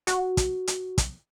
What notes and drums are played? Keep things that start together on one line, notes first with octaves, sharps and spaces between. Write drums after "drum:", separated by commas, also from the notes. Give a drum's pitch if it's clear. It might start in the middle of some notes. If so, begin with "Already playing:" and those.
F#4, drum: hi-hat
drum: kick, hi-hat
drum: hi-hat
drum: kick, hi-hat